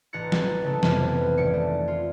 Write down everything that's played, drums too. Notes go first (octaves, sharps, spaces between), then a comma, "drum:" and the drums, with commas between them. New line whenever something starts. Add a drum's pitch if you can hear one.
A1 A#5 F#6 A6 C#7
drum: snare
C#3 A3 A4
F2 C3 E3 B3 B4 F6, drum: snare
G#1 D5 C#7
A3
F4